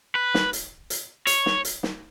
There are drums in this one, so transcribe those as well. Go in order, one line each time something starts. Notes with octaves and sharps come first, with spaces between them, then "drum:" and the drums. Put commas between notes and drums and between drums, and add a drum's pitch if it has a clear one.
B4
drum: snare
drum: hi-hat
drum: hi-hat
C#5, drum: hi-hat
drum: snare
drum: hi-hat
drum: snare